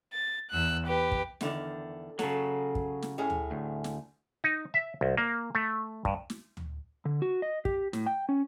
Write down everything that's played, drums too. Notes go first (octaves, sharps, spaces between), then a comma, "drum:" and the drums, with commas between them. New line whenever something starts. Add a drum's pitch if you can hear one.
A6
E2 E6 F#6
G4 B4
drum: kick
E2 D3 D#3, drum: snare
C#3 F#3 A4, drum: snare
drum: kick
drum: snare
A2 C#4 G#4
drum: tom D2
D2
drum: snare
D#4
E5
C2
A#3
A3
G2, drum: kick
drum: snare
drum: tom D2
D3
F#4
D#5
G4, drum: kick
A2, drum: snare
G5
C#4